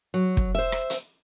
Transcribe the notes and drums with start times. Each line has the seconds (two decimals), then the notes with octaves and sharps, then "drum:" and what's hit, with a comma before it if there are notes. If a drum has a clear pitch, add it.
0.14 F#3
0.37 drum: kick
0.55 C5 E5
0.72 drum: rim click
0.90 drum: hi-hat